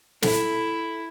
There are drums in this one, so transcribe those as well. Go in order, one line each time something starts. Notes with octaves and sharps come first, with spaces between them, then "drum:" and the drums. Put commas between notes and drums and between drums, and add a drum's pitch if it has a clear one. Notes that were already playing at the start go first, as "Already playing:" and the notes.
E4 A4, drum: snare